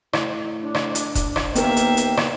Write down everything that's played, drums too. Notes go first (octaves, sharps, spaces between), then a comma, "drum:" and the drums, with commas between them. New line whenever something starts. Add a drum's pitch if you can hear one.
A2, drum: rim click
D4
drum: rim click
drum: hi-hat
drum: kick F1, hi-hat
drum: rim click
D#2 A#3 B3 A#4 E5 G5, drum: hi-hat
drum: hi-hat
drum: hi-hat
drum: rim click